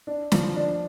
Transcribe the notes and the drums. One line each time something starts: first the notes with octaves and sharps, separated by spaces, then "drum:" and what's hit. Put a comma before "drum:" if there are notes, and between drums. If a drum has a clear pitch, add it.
D4
F3, drum: snare
D4